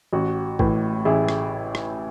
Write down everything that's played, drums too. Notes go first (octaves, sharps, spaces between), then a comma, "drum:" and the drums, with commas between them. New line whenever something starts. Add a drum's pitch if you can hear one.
A1 F#4
A2 E3, drum: kick A#1
A1 E4 G#4
drum: rim click
drum: rim click